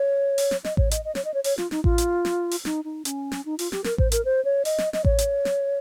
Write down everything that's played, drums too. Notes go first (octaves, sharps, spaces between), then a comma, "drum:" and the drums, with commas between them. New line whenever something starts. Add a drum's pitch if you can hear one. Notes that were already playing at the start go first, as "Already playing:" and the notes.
Already playing: C#5
drum: open hi-hat
drum: snare
D#5, drum: snare
C#5, drum: kick A1
D#5, drum: hi-hat
D#5
C#5, drum: snare
D#5
C#5
C#5, drum: open hi-hat
F4, drum: snare
D#4, drum: snare
F4, drum: kick A1
drum: hi-hat
drum: snare
drum: open hi-hat
D#4, drum: snare
D#4
C#4, drum: hi-hat
drum: snare
D#4
F4, drum: open hi-hat
G4, drum: snare
A#4, drum: snare
C5, drum: kick A1
A#4, drum: hi-hat
C5
C#5
D#5, drum: open hi-hat
drum: snare
D#5, drum: snare
C#5, drum: kick A1
drum: hi-hat
drum: snare